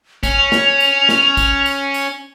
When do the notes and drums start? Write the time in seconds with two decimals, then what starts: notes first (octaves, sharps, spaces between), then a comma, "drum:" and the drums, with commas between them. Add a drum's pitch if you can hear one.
0.23 C#4 F7, drum: kick, tambourine
0.52 drum: snare
0.80 drum: tambourine
1.09 drum: snare
1.37 drum: kick, tambourine
1.66 drum: tambourine
1.94 drum: tambourine